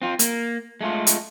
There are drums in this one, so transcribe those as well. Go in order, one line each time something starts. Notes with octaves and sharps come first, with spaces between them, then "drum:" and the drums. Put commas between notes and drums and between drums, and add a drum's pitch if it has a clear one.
C4 F4
A#3, drum: hi-hat
G#3 A3 F4
drum: hi-hat